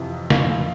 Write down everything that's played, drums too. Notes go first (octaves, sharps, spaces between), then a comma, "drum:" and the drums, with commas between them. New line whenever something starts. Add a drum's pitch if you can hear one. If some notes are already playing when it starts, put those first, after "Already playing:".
Already playing: F2 C3 E3
F2 E3 F5, drum: snare